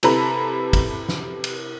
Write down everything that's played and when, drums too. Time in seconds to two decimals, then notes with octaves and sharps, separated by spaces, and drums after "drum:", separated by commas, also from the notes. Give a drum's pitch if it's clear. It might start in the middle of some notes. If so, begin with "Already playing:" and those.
0.03 C3 E4 A4 B4 A#5, drum: cymbal
0.73 drum: kick, cymbal
1.09 drum: snare
1.44 drum: cymbal